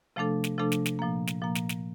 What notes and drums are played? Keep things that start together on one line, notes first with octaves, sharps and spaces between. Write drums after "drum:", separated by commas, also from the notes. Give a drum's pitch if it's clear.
C3 F3 A3 D4 A4
drum: snare
C3 F3 A3 D4 A4
drum: snare
drum: snare
A#2 F3 A#3
drum: snare
A#2 F3 A#3
drum: snare
drum: snare